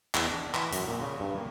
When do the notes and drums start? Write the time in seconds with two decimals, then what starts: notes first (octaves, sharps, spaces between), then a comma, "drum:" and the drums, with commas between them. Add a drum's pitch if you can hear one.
0.14 E2, drum: clap
0.29 D4
0.54 E3, drum: clap
0.73 F#2, drum: hi-hat
0.88 A#2
1.01 C#3
1.20 G2
1.37 A#3